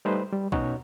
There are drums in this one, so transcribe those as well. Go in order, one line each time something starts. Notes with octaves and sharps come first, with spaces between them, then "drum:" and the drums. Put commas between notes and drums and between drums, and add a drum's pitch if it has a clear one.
G3 A3 D#4 B4 C5
G3
B2 C#4 D#4 F#4 C#5, drum: kick B1